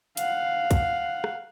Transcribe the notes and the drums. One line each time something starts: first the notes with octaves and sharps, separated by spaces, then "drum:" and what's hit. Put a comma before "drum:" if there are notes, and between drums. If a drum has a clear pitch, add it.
F5 F#5, drum: hi-hat
drum: kick, hi-hat
drum: rim click